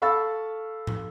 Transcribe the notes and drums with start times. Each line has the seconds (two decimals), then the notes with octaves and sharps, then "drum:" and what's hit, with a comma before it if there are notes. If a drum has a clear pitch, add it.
0.02 A4 F5 B5 C#6 E6 A6
0.87 drum: tom A2